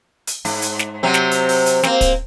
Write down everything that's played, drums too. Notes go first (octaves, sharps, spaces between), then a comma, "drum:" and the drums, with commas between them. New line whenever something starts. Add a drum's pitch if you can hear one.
drum: hi-hat
G#2, drum: open hi-hat
drum: hi-hat
drum: snare
C3 F#3 C4
drum: snare
drum: hi-hat
drum: open hi-hat
drum: hi-hat
A#3 C4, drum: snare
drum: kick, hi-hat